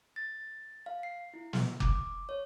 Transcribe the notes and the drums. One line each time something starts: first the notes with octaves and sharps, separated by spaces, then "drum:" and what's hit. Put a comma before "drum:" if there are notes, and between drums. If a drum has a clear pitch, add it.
A6
F5
C7
E4
F6, drum: snare
D6, drum: kick F#1
C#5